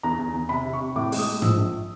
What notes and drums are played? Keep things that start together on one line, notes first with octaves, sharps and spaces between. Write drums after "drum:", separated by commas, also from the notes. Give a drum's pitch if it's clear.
E2 A#5
E2
E2
C3 B5
C3
C#6
C3
A2 D6
G#3, drum: open hi-hat
D#6
G#3
F3 E6, drum: tom G#2
A#1